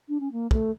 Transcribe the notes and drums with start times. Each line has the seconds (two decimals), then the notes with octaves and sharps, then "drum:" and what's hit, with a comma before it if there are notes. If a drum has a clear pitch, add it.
0.09 D4
0.20 C#4
0.32 A#3
0.51 A3, drum: kick